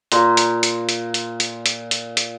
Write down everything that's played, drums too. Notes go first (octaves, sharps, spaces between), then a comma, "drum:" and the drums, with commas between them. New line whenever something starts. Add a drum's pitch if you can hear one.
A#2 A#5 C6, drum: hi-hat
drum: hi-hat
drum: hi-hat
drum: hi-hat
drum: hi-hat
drum: hi-hat
drum: hi-hat
drum: hi-hat
drum: hi-hat